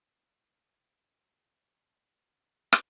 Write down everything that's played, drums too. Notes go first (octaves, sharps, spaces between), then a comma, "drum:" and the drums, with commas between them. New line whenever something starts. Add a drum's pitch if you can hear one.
F5 C6 E6 G6
drum: rim click